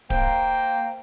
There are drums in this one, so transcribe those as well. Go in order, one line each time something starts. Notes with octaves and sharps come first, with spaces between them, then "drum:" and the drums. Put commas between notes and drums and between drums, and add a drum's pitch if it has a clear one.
A#3 C5 G5, drum: kick D1